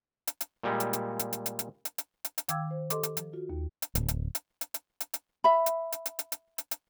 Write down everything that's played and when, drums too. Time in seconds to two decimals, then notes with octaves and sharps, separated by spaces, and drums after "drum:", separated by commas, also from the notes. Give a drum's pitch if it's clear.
0.27 drum: hi-hat
0.41 drum: hi-hat
0.63 A#2 G3 G#3
0.80 drum: hi-hat
0.93 drum: hi-hat
1.19 drum: hi-hat
1.33 drum: hi-hat
1.46 drum: hi-hat
1.59 drum: hi-hat
1.85 drum: hi-hat
1.98 drum: hi-hat
2.25 drum: hi-hat
2.38 drum: hi-hat
2.49 D#3 F5 G5 D6 E6 G#6, drum: hi-hat
2.71 C5
2.90 G4 A4 D#5 C6 D6, drum: hi-hat
3.03 drum: hi-hat
3.17 F3, drum: hi-hat
3.33 F4 F#4
3.50 D#2
3.82 drum: hi-hat
3.95 D1, drum: hi-hat
4.08 drum: hi-hat
4.35 drum: hi-hat
4.61 drum: hi-hat
4.74 drum: hi-hat
5.00 drum: hi-hat
5.14 drum: hi-hat
5.44 E5 B5
5.66 drum: hi-hat
5.92 drum: hi-hat
6.06 drum: hi-hat
6.19 drum: hi-hat
6.32 drum: hi-hat
6.58 drum: hi-hat
6.71 drum: hi-hat